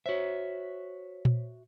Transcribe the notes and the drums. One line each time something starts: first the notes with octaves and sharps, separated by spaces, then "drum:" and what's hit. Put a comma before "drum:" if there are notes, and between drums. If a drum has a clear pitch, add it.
F#4 C5 C#5 E5 B6
drum: tom A#2